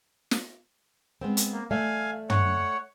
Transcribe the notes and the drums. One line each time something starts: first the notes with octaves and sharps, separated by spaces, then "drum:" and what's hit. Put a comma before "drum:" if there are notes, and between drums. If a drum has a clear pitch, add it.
drum: snare
G#3 B3 C4
drum: hi-hat
A#3
A3 D5 E5 F5 G#5
C#5 F#5, drum: tom